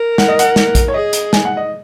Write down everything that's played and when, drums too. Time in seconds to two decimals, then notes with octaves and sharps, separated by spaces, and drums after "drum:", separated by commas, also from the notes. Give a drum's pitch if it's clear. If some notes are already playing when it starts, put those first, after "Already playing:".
Already playing: A#4
0.18 F#5, drum: snare
0.28 D#5
0.39 F#5, drum: hi-hat
0.56 drum: snare
0.75 drum: kick A#1, hi-hat
0.88 C#5
0.94 G#4 D#5
1.13 drum: hi-hat
1.33 G#5, drum: snare
1.45 F#5
1.57 D#5